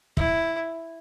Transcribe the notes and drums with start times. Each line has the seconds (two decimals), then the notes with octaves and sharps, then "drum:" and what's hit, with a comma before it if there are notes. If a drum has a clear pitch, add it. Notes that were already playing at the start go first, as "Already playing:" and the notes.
0.17 E4, drum: kick